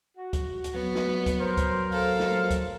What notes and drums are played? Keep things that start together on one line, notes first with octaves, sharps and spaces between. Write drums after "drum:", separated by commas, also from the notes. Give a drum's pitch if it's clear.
F#4
drum: kick C#2, hi-hat
drum: hi-hat
F#3 B3
drum: snare
drum: kick C#2, hi-hat
A#4 C5
drum: kick C#2, hi-hat
A4 C5 F5
drum: snare
drum: kick C#2, hi-hat